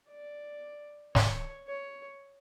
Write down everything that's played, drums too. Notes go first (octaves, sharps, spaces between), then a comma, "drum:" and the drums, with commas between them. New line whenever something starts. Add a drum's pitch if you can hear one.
D5
C#5, drum: snare
C#5